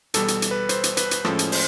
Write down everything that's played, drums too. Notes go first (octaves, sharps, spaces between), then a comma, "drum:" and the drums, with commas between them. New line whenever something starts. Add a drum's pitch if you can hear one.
E2 B2 G3 A4, drum: hi-hat
drum: hi-hat
drum: hi-hat
B4
C5, drum: hi-hat
drum: hi-hat
B4, drum: hi-hat
drum: hi-hat
A2 F3 G#3 C#4 A4, drum: rim click
drum: hi-hat
C5, drum: open hi-hat